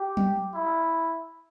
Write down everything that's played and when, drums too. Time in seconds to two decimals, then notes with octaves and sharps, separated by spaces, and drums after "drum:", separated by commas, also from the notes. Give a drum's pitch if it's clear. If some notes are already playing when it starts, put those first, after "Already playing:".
Already playing: G4
0.17 drum: tom F#3
0.54 E4